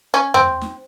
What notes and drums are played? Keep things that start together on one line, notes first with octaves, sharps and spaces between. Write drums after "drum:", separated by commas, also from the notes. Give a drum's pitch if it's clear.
C#4
C4, drum: tom E2
drum: snare